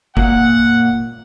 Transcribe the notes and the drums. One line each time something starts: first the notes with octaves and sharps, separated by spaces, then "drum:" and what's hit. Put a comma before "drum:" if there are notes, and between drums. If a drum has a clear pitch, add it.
A#2 F#5, drum: kick F#1